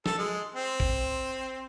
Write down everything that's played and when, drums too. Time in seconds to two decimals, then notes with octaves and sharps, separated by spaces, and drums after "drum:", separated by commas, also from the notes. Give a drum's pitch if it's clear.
0.06 A4, drum: snare
0.18 G#3
0.55 C4
0.80 drum: kick